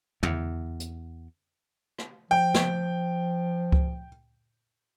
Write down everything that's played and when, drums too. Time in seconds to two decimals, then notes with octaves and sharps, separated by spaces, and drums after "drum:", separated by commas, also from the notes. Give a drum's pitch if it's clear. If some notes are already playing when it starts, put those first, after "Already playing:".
0.23 E2, drum: tom
0.80 drum: hi-hat
1.98 drum: rim click
2.31 F3 G5
2.54 drum: snare
3.72 drum: kick C#2